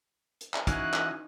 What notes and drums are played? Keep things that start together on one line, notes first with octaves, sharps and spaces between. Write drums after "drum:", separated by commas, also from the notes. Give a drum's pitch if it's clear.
drum: hi-hat
drum: clap
E3 C#4 D#4 E4 F#4 D#5 F5 F#6, drum: kick, hi-hat
drum: clap